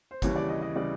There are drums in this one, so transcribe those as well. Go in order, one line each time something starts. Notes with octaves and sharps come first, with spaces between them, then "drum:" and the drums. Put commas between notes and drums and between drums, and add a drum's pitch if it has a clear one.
C5
D#2 C#3 E3 G3 C#5, drum: kick, hi-hat
D5
D#5
D#5
C#3 E3 G3 D5